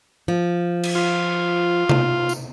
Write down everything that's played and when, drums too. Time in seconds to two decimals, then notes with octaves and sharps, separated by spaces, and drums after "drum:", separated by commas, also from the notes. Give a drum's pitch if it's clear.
0.28 F3
0.83 drum: cymbal
0.95 F4
1.89 drum: tom C3
2.29 drum: tambourine